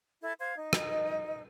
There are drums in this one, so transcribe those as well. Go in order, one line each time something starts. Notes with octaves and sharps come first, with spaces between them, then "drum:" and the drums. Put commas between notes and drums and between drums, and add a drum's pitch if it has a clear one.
E4 A4 G#6
C5 F5 G#6
D#4
D#5, drum: rim click